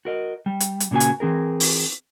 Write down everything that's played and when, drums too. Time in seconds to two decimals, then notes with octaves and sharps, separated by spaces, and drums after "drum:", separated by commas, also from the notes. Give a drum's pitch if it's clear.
0.05 F#4 A#4 D#5
0.46 G3
0.60 drum: hi-hat
0.80 drum: hi-hat
0.91 A#2 C#3 A#3 F#4 G#5
1.00 drum: hi-hat
1.20 E3 C4 G#4 A#4
1.60 drum: open hi-hat